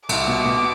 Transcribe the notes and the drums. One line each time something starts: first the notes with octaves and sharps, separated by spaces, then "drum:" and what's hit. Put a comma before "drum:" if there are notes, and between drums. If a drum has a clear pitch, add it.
C2 D6, drum: cymbal
B2
B2